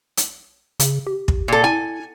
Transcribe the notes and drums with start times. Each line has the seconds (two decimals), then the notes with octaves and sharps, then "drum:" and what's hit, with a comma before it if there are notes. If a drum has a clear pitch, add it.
0.17 drum: hi-hat
0.80 C#3, drum: hi-hat
1.07 G4
1.28 drum: kick
1.48 A#2 A4
1.64 E4 G#5